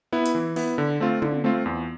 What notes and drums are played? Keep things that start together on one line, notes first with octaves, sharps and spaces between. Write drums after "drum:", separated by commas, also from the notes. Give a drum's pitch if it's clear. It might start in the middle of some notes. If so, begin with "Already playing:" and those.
B3 E4
drum: hi-hat
E3
B3 E4, drum: open hi-hat
D3
A3 C4 F4
D3, drum: tom
A3 C4 F4
E2